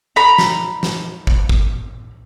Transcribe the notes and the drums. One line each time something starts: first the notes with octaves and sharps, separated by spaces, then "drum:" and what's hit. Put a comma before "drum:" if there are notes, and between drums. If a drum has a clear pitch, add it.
A#5 B5
drum: snare
drum: snare
drum: kick
drum: kick